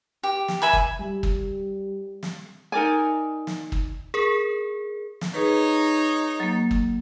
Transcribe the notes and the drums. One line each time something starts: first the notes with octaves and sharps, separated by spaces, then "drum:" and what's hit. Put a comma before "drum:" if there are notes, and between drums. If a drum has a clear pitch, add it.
G4
drum: snare
E5 G#5 B5
drum: kick
G3
drum: kick
drum: snare
D#4 A#4 D5 G#5
drum: snare
drum: kick
G#4 A#4
drum: snare
D#4 G#4 B4 C#5
F#3 A#3
drum: kick